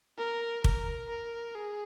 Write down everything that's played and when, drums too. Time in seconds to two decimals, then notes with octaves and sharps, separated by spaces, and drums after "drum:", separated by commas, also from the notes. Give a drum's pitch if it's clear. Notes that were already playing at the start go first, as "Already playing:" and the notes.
0.18 A#4
0.64 A#4, drum: kick
1.10 A#4
1.55 G#4